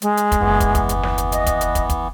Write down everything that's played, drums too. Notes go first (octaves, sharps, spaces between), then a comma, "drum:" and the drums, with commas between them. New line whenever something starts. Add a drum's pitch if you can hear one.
G#3, drum: hi-hat
drum: hi-hat
drum: kick, hi-hat
F#1 D#2 E3 B3
drum: kick, hi-hat
drum: kick, hi-hat
drum: hi-hat
drum: snare
drum: hi-hat
D#5, drum: hi-hat
drum: kick, hi-hat
drum: hi-hat
drum: kick, hi-hat
drum: kick, hi-hat